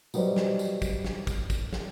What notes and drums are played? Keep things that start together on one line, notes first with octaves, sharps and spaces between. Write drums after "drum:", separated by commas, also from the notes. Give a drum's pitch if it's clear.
F#3 G3 B4 C5 D5 D#5, drum: tambourine
drum: snare
drum: tambourine
drum: kick, tambourine
drum: snare
drum: kick, tambourine
drum: kick, tambourine
drum: snare